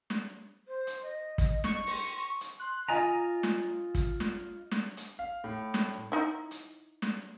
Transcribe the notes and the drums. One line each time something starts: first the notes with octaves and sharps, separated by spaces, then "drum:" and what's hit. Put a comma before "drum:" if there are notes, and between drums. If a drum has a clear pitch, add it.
drum: snare
C5
drum: hi-hat
D#5
drum: kick, hi-hat
C#6, drum: snare
C6, drum: open hi-hat
drum: hi-hat
C6 F#6
F4 D#5 G#5 A#5
drum: snare
drum: kick, hi-hat
drum: snare
drum: snare
drum: hi-hat
F5
A2
drum: snare
D#4 E4
drum: hi-hat
drum: snare